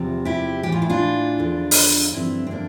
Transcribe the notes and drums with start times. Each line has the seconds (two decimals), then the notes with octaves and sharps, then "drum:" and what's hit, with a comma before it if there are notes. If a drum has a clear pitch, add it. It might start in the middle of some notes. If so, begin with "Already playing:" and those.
Already playing: E2 C3 F3
0.25 E4 G4
0.63 A2 E3 G4
0.72 F4
0.82 E4
0.90 D4 F4
1.38 E2 D3 F3
1.71 drum: open hi-hat
2.13 G2 D3 F3 C4 E4
2.47 C4
2.51 A#3 D4